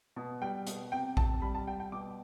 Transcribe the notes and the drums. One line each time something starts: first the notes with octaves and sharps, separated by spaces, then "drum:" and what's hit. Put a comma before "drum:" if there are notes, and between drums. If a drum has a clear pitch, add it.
B2
G3 G5
B2, drum: hi-hat
C3 G5
C3 A5, drum: kick A#1
G3 B5
A5
G3 G5
G5
B2 D6